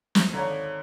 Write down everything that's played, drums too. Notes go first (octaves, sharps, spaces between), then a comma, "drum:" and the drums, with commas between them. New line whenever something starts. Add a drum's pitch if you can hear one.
drum: snare
G#1 D3 C#5 A#5